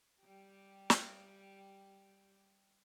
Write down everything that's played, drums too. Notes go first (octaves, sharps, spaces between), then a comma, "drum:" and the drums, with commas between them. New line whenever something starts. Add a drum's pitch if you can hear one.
G3 G4
drum: snare